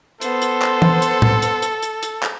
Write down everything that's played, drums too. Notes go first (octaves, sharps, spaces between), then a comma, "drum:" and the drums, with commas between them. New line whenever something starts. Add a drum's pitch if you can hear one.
B3 A4 C5, drum: hi-hat
drum: hi-hat
drum: clap
drum: tom
drum: hi-hat
drum: tom A2
drum: hi-hat
drum: hi-hat
drum: hi-hat
drum: hi-hat
drum: clap